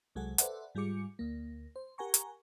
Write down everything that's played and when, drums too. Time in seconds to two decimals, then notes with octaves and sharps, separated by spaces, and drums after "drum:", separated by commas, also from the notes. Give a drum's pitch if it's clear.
0.15 C2 F#3 G#3 G#4 A4 F#5
0.38 A4 B4 C5 D5 E5 F#5, drum: hi-hat
0.75 G#2 G3 F4 G#4 D6 C#7
1.19 D2 A#3
1.76 C5
1.98 G4 A#4 F#5 G#5 A#5 C#6
2.14 drum: hi-hat